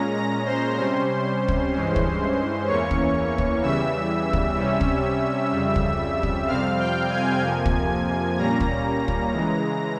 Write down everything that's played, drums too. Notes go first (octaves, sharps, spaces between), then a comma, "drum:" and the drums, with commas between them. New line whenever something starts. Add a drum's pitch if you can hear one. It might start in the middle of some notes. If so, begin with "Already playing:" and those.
Already playing: A#2 G#3 C#4 A#5 A#6
A#5 A#6
C5 C6
C3 G3 C#4 C5 C6
drum: kick
G2 E3 G#3 C#4
drum: kick
E2 E3 A#3 C#4 C#5 C#6
drum: kick
drum: kick
E2 C#3 E3 G3 E5 E6
drum: kick
C3 G3 C#4
drum: kick
F2 C#3 G3
drum: kick
drum: kick
F2 C3 G3 C4 F5 F6
G5 G6
G#5 G#6
F2 C3 F3 A#3
drum: kick
A#2 G3 A#3 C#4 A#5 A#6
drum: kick
drum: kick
C#3 E3 G#3